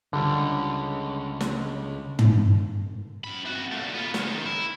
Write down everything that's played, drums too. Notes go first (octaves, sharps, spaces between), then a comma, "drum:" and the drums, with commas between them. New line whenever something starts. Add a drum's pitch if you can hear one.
C#2 D3 G3
drum: snare
drum: tom
F#2 B5
C3 F#4
A#2 A3
B3 F4
C#2 D#3, drum: snare
E4